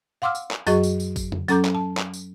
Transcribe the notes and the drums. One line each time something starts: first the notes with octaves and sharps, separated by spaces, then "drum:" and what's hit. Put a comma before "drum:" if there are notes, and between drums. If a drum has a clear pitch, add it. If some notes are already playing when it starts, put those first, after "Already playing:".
F5 F#5 C6 D6 E6 F6
drum: tambourine
drum: clap
F#2 F#3 F#4 G#4 D#5 C#6, drum: tambourine
drum: tambourine
drum: tambourine
drum: kick, tambourine
drum: tom F2
F#3 C#4 A4 A#5 D6 G6, drum: tambourine
drum: clap
A5
drum: clap
drum: tambourine